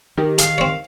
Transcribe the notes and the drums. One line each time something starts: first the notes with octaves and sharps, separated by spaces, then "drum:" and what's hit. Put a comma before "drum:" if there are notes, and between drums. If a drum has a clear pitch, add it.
D#3 D#4 G4 A#4
G#4 F5, drum: hi-hat
C4 C#5